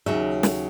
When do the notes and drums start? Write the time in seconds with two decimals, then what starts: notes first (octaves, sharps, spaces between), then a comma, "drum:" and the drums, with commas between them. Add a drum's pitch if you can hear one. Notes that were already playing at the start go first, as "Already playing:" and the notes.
0.06 D#2 C#3 F#3 E5
0.43 drum: snare